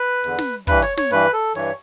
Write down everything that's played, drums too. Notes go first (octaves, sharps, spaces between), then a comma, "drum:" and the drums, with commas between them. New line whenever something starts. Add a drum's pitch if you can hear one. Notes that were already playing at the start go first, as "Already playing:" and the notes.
Already playing: B4
E2 D3, drum: hi-hat
drum: snare
G2 E3 B4, drum: kick, hi-hat
C#5, drum: open hi-hat
C#5, drum: snare
G2 E3 B4, drum: hi-hat
A4
G2 E3 C#5, drum: hi-hat